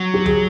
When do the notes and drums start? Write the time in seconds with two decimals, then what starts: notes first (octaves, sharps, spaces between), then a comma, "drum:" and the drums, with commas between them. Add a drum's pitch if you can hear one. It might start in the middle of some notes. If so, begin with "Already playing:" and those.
Already playing: F#3
0.14 G4
0.26 G#4, drum: tom C2